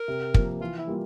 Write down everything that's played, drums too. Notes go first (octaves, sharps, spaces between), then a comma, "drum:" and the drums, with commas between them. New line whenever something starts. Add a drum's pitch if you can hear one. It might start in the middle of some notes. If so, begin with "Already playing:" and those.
Already playing: A#4
C3
F3 A#3, drum: kick
E3 F4
E4
G3 A#3 F4